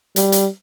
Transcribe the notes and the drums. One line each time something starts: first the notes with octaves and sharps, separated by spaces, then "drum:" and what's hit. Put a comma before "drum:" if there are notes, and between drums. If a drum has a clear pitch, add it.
G3, drum: hi-hat
drum: hi-hat